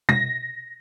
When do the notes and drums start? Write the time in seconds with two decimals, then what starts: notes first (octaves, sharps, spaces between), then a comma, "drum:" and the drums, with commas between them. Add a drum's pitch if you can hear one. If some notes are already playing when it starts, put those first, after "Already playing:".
0.09 A#6, drum: tom B2